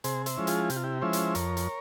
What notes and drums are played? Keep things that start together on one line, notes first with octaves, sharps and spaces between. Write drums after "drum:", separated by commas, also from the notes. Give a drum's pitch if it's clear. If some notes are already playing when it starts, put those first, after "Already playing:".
C3 G#4 C5, drum: hi-hat
C5 E5, drum: hi-hat
F3 G#3 C#4 E4
F4 G#4, drum: hi-hat
C3 G4, drum: hi-hat
F4
E4 G4
F3 G#3 C#4 E4 C5 E5
drum: hi-hat
F2 A#4 C#5, drum: hi-hat
drum: hi-hat